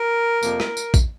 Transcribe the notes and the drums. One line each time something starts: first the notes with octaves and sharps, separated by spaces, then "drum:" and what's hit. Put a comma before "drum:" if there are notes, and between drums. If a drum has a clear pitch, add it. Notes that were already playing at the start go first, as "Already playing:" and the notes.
Already playing: A#4
F2 C3 F3 A#3, drum: tambourine
drum: rim click
drum: tambourine
drum: kick, tambourine